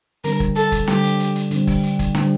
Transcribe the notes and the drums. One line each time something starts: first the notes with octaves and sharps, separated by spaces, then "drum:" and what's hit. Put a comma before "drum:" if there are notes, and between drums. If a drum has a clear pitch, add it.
D3 G3 C4 A#4, drum: hi-hat
drum: kick
A4, drum: hi-hat
drum: kick, hi-hat
D3 G3 C4 G4, drum: snare
drum: hi-hat
drum: hi-hat
drum: hi-hat
D3 G3 C4, drum: hi-hat
drum: kick, open hi-hat
drum: hi-hat
drum: kick, hi-hat
D3 G3 C4, drum: snare